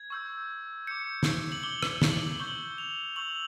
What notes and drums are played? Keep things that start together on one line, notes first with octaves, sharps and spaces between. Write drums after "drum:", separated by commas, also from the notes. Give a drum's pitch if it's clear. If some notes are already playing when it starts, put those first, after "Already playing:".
Already playing: G#6
C#6 E6 G6
D6 G6 C#7
drum: snare
F#7
D6 G6 G7
F#7, drum: rim click
G7, drum: snare
F#7
C#6 E6 G6 G7
F7
C#6 E6 G6 F#7